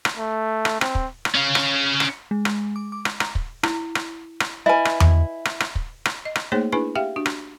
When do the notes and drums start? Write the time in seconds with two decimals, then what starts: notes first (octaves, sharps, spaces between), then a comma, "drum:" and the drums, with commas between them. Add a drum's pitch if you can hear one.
0.05 drum: rim click
0.17 A3
0.65 drum: rim click
0.81 C4, drum: rim click
0.95 drum: kick
1.25 drum: rim click
1.35 C#4 F5
1.55 drum: rim click
2.00 drum: rim click
2.31 G#3
2.45 drum: rim click
2.76 D6
2.92 D6
3.05 drum: rim click
3.20 A#5, drum: rim click
3.35 drum: kick
3.63 E4, drum: rim click
3.95 drum: rim click
4.40 drum: rim click
4.66 E4 B4 D#5 G#5
4.85 drum: rim click
5.00 drum: tom E2
5.45 drum: rim click
5.60 drum: rim click
5.75 drum: kick
6.05 drum: rim click
6.25 D#5
6.35 drum: rim click
6.52 A3 A#3 D#4 G#4 C5 C#5
6.72 D4 E4 G#4 B4 G#5 B5
6.95 G4 E5 F5 G5
7.16 D4 F#4
7.26 drum: rim click